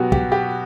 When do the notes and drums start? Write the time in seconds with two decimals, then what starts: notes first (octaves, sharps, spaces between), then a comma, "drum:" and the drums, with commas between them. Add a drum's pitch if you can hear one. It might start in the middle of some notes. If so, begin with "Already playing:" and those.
Already playing: B2 F#3 F#4 G4
0.12 G4, drum: kick
0.32 G4